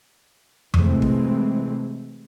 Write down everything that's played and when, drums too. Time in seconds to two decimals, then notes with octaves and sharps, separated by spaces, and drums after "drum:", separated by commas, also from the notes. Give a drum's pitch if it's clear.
0.74 C3 E3 F#3 G#3 A3 C4, drum: tom F2
1.02 drum: kick